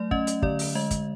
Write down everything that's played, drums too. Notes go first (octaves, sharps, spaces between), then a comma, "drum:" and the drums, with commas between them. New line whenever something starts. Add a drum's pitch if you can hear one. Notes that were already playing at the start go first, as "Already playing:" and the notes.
Already playing: F#3 A3 D5
C#4 D#5, drum: kick
drum: hi-hat
D3 D5, drum: kick
drum: open hi-hat
G#3 D#5
drum: kick, hi-hat